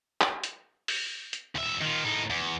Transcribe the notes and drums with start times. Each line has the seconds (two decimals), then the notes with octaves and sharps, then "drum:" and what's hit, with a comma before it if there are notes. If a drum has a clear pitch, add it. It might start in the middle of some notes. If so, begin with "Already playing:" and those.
0.21 drum: clap
0.44 drum: hi-hat
0.88 drum: open hi-hat
1.33 drum: hi-hat
1.55 D#2 E5
1.81 D#3 F4
2.04 A2 D#4
2.30 E2